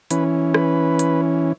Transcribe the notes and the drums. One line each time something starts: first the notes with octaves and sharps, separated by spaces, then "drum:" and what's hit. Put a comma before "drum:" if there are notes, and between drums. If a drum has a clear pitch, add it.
E3 C#4 B4, drum: hi-hat
B4, drum: rim click
drum: hi-hat